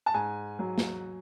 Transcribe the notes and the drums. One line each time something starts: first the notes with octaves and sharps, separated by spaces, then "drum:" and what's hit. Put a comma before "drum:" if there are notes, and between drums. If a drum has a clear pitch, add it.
A5
G#2 G#5
F#3
drum: snare